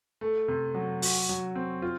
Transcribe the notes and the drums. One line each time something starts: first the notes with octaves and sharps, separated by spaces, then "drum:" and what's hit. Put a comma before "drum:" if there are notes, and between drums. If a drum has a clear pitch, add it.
A3
C3
F#3
F#4, drum: open hi-hat
F#3
C4
F4